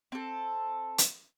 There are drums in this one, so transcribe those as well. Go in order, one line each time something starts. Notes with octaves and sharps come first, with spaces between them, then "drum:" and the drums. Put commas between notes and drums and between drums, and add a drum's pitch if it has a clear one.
C4 A4
drum: hi-hat